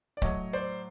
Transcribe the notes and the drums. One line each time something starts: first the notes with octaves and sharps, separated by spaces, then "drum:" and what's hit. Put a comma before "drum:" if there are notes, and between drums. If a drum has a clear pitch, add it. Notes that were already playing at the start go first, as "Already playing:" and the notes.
D5
A2 F#3 C#5 D#5, drum: kick C#1
C5 D5